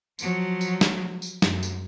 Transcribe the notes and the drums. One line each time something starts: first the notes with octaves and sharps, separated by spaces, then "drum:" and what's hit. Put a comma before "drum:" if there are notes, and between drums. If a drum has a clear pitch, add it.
F3 F#3, drum: tambourine
drum: tambourine
drum: snare
drum: tambourine
F#2, drum: snare
drum: tambourine